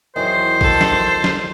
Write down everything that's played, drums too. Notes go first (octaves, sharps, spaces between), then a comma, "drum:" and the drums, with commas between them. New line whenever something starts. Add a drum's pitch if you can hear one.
E2 D#3 F#3 C5
A4, drum: kick
drum: snare
drum: snare